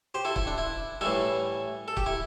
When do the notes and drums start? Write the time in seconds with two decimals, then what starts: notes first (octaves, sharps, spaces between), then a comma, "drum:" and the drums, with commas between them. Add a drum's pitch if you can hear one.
0.14 G4 C5
0.25 E4 A4
0.36 E4, drum: kick
0.47 D4
0.58 E4
1.01 A2 E3 G3 E4 A4
1.88 A4
1.97 G4, drum: kick
2.06 E4